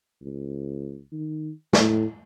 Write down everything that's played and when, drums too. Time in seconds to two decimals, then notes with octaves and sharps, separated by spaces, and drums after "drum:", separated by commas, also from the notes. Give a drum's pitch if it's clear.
0.22 C#2
1.12 D#3
1.73 A2, drum: snare